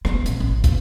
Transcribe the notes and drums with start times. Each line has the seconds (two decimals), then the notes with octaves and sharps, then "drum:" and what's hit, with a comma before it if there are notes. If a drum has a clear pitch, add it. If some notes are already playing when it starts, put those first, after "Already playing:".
0.05 B3, drum: rim click
0.26 A1, drum: hi-hat
0.40 A1
0.64 drum: kick, hi-hat